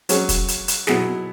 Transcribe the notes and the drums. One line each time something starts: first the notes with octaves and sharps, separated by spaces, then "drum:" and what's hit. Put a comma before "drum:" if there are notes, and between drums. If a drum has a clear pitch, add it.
F#3 C#4 G#4, drum: hi-hat
drum: kick, hi-hat
drum: hi-hat
drum: hi-hat
B2 F#3 B3 E4 G#4, drum: snare